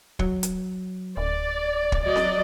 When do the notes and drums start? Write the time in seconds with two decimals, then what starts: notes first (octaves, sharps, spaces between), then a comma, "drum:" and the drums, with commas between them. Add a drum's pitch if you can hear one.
0.19 F#3, drum: kick
0.43 drum: hi-hat
1.17 D1 D5
1.92 drum: kick
2.03 F#3 D5 D#5
2.16 drum: snare C4